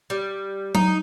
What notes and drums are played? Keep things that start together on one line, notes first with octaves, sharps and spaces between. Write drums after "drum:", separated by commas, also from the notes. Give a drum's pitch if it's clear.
G3
D#4, drum: tom F#3